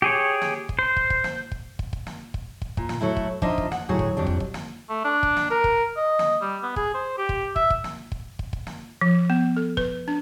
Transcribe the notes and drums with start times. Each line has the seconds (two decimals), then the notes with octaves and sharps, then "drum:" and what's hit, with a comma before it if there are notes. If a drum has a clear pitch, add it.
0.02 G4 G#4 C#5
0.42 drum: snare
0.69 drum: kick
0.79 C5
0.97 drum: kick
1.10 drum: kick
1.24 drum: snare
1.52 drum: kick
1.79 drum: kick
1.93 drum: kick
2.07 drum: snare
2.34 drum: kick
2.62 drum: kick
2.77 A#2, drum: kick
2.89 drum: snare
3.01 F#3 A3 E4
3.17 drum: kick
3.42 F3 D4 D#4 F4 D#5 E5, drum: kick
3.58 drum: kick
3.72 F#5, drum: snare
3.89 D2 A2 F#3 G#4
3.99 drum: kick
4.17 F2 F#3 G3 D4
4.27 drum: kick
4.40 drum: kick
4.54 drum: snare
4.89 A3
5.05 D4
5.23 drum: kick
5.37 drum: snare
5.51 A#4
5.64 drum: kick
5.97 D#5
6.19 drum: snare
6.42 G3
6.63 B3
6.76 G#4, drum: kick
6.94 C5
7.18 G4
7.29 drum: kick
7.56 E5, drum: kick
7.70 drum: kick
7.84 drum: snare
8.12 drum: kick
8.39 drum: kick
8.53 drum: kick
8.67 drum: snare
9.01 F3
9.30 B3
9.57 A4
9.77 B4, drum: kick
10.08 D4